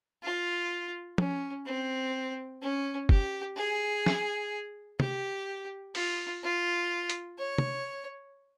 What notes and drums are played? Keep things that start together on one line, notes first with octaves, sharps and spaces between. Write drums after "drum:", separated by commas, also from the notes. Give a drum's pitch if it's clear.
F4
C#4, drum: tom
C4
C#4
G4, drum: kick
G#4
drum: snare
G4, drum: tom
F4, drum: open hi-hat
F4
drum: hi-hat
C#5
drum: tom